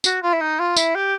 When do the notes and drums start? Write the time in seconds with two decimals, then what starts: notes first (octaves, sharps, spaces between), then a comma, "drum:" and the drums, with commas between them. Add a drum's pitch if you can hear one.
0.04 F#4, drum: tambourine
0.22 F4
0.33 E4
0.41 D#4
0.59 F4
0.77 E4, drum: tambourine
0.95 G4